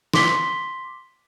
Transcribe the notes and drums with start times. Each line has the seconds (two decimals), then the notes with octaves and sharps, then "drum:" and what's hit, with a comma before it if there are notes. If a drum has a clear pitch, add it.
0.14 C6 D6 B6 G7, drum: snare